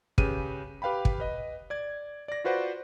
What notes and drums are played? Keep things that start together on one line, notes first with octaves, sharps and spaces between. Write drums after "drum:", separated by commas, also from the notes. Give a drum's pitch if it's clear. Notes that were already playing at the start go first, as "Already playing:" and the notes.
C#3 G4 B4 D#7, drum: kick
G4 B4 F5 G5 B5
drum: kick
B4 D#5
D5 G#6
D5 A#6
F4 F#4 B4 C5 D5 F#5